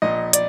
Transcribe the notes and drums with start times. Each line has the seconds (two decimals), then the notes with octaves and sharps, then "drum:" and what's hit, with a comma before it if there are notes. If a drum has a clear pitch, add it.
0.02 A#1 A#2 D#5
0.33 D5, drum: hi-hat